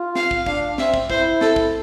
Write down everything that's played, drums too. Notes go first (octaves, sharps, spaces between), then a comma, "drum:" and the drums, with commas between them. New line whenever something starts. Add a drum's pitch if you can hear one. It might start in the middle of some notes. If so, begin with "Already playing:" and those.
Already playing: F4
F5, drum: snare
drum: kick
D4 F5, drum: kick
C4 E5, drum: snare
drum: kick
E4 C5, drum: kick
A4, drum: snare
drum: kick